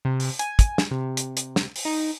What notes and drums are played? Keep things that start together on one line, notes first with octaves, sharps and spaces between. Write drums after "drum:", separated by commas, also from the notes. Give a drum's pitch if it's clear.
C3
drum: open hi-hat
G#5, drum: hi-hat
drum: kick, hi-hat
drum: snare
C3
drum: hi-hat
drum: hi-hat
drum: snare
drum: open hi-hat
D#4